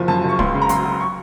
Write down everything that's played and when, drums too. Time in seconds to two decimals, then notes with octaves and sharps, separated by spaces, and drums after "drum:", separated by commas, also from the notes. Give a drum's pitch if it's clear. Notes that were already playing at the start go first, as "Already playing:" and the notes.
Already playing: F#1 F3
0.08 F#2 A5
0.24 F#1 C#6
0.39 C#2 C6, drum: kick
0.54 C#3
0.62 A#5
0.69 F#3 C6, drum: hi-hat
0.85 F#3
1.01 C#6